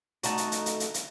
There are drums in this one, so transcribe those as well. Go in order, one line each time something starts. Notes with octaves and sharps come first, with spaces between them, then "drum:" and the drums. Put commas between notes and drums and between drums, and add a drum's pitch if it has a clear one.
A3 D#4 F#4, drum: hi-hat
drum: hi-hat
drum: hi-hat
drum: hi-hat
drum: hi-hat
drum: hi-hat